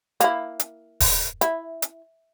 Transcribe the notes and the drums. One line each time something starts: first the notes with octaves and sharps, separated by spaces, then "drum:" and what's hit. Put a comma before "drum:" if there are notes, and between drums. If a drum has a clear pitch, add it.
A#3 E4, drum: hi-hat
drum: hi-hat
drum: kick D#1, open hi-hat
E4, drum: hi-hat
drum: hi-hat